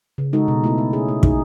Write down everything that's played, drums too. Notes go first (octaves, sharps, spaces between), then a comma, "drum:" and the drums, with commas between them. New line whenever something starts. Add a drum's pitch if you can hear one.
C#3
G#3 D#4 F#4 A4
B2
A3 E4 A4
A3
C#4 G#4
A3
D#4 G#4, drum: kick